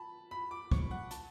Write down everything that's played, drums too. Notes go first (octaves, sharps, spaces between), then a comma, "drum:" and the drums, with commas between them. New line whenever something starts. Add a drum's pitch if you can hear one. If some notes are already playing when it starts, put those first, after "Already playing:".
Already playing: A5 B5
B5
D6
C#6, drum: kick
F#5
A5, drum: hi-hat